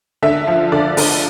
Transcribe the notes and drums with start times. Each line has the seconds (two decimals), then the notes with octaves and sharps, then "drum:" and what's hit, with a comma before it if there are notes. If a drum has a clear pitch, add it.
0.23 D3 E5
0.47 F3
0.72 D3 D5
0.97 D3, drum: open hi-hat